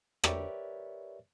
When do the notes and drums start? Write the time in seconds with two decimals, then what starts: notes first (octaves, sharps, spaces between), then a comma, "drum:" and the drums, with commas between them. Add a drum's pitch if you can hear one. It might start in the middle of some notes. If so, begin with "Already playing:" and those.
0.24 G4 A#4 B4 C#5 D5 E5, drum: rim click